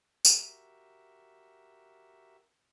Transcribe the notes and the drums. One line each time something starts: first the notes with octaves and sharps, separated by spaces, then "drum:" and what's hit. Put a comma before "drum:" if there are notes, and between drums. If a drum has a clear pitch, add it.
F#4 G4 A#4 E5, drum: tambourine